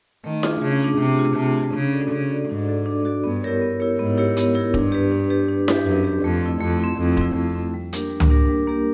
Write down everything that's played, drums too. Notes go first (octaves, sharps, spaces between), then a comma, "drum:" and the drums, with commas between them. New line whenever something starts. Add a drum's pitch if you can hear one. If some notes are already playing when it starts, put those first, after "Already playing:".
D#3 A3
D4 F4 G#4, drum: snare E4
C#3 A3
D4 F4 G#4
C3 A3
D4 F4 G#4
C3 A3
D4 F4 G#4
C#3 D4
F#4 A4 D5
C#3 D4
F#4 A4 D5
G#2 D4
F#4 A4 D5
D4
F#4 A4 D5
G2 B3
E4 G4 A#4 C#5
B3
E4 G4 A#4 C#5
G#2 B3
E4 G4 A#4 C#5
B3, drum: hi-hat
E4 G4 A#4 C#5
G2 D4, drum: kick
G4 B4
D4
G4 B4
D4
G4 B4, drum: snare E4
F#2 D4
G4 B4
F2 A3
C4 E4
F2 A3
C4 E4
F2 A3
C4 E4, drum: kick
F2 A3
C4 E4
G3
A#3 D4 G4 A#4, drum: hi-hat
G3
drum: tom C#2
A#3 D4 G4 A#4
G3
A#3 D4 G4 A#4